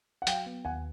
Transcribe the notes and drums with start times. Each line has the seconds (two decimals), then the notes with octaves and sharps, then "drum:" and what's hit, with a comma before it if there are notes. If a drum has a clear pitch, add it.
0.22 F#5
0.27 F#3 F5 G5, drum: hi-hat
0.46 B3
0.65 D#2 F#5 G#5